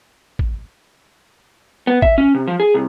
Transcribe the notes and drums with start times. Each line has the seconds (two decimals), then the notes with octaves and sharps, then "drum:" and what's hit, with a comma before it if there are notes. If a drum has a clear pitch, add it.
0.39 drum: kick
1.87 B3
2.02 E5, drum: kick
2.18 C#4
2.34 C3
2.47 F3
2.60 G#4
2.74 C2